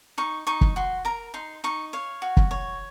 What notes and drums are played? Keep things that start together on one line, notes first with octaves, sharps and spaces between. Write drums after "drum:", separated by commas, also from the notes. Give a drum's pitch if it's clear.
D#4 C#6
D#4 C#6
drum: kick
F#4 C6
A#4 A#5
D#4 C6
D#4 C#6
C#5 F5
F#4
drum: kick
C#5